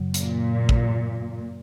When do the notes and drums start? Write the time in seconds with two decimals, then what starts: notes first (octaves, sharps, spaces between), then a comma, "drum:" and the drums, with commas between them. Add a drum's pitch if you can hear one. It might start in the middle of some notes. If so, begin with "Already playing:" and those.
Already playing: F#2 C#3 F#3
0.14 A#2, drum: hi-hat
0.69 drum: kick